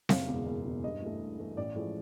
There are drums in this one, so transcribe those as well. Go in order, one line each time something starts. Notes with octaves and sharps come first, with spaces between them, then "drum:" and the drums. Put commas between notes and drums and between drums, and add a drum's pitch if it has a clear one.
F#1 F5, drum: snare C4
E2 B2 G#3
F#1
E2 B2 G#3
G2 D#5
E3 A3
G2
E3 A3
A1 D5
A2 F3 G#3